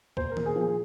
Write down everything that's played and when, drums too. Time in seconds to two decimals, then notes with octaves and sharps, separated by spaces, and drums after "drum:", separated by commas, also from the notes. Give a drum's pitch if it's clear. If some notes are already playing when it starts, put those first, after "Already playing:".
0.17 A#2 C5, drum: kick C#2
0.31 A#4
0.37 A#2, drum: tom D#3
0.46 G#4
0.56 F3
0.61 G#4